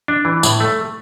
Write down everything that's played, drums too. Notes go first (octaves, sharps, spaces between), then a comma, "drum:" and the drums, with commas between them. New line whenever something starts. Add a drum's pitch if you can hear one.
D4
E3
A2, drum: tambourine
A3